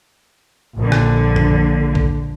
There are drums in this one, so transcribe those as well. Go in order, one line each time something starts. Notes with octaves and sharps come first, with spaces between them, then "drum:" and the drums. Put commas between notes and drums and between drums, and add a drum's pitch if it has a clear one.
A#1 D3
drum: rim click
drum: tom F2
drum: kick B1